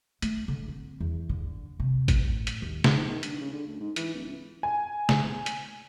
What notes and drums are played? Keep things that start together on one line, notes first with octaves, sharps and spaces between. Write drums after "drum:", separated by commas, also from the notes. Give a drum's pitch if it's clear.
A3, drum: hi-hat
D3
C4
E2
D3
C3
A2, drum: kick, hi-hat
drum: hi-hat
D#2
drum: snare
G#2
D#3
G2, drum: hi-hat
C#3
D3
D2
G#2
E3, drum: hi-hat
D1
C#2
G#5
drum: snare
drum: hi-hat